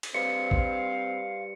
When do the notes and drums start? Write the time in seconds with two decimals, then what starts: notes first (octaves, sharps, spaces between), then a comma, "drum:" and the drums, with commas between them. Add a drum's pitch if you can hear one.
0.03 drum: cymbal
0.14 G3 C4 B4 C5 F5 C#7
0.51 drum: kick A#1